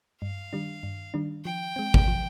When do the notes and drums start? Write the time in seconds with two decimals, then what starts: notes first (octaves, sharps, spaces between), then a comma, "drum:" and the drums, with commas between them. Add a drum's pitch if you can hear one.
0.22 G2 F5
0.53 D#3 G3 D4
0.83 G2
1.14 D#3 G3 D4
1.45 F3 G5
1.76 G#3 C4
1.94 drum: kick
2.08 F3